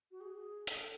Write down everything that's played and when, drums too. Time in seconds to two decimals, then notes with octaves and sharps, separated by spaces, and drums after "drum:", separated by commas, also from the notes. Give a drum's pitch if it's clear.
0.11 F#4
0.21 G#4
0.67 A4, drum: hi-hat